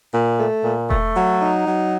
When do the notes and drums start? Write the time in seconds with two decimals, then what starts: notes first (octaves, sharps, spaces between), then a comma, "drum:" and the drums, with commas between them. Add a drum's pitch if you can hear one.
0.13 A#2
0.39 A3
0.64 A#2
0.90 A3, drum: kick E1
1.16 F#3
1.42 D#4
1.67 F#3